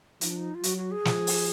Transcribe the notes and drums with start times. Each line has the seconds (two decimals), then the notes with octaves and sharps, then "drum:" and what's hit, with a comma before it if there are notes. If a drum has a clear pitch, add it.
0.21 F3 D#4, drum: hi-hat
0.30 D4
0.37 D#4
0.55 F4
0.63 F#3 F#4, drum: hi-hat
0.78 F#4
0.91 G#4
1.05 F3, drum: snare
1.27 drum: open hi-hat